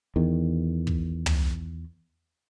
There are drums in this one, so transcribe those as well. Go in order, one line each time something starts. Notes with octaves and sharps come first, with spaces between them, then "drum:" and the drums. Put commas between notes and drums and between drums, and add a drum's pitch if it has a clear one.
E2 D#3
drum: kick
drum: tom